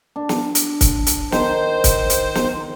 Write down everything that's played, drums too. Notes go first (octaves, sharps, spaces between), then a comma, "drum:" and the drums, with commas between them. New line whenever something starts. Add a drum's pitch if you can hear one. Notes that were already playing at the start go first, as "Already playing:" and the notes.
D4
drum: snare
drum: hi-hat
drum: kick, hi-hat
drum: hi-hat
D#3 C5, drum: snare
drum: kick, hi-hat
drum: hi-hat
drum: snare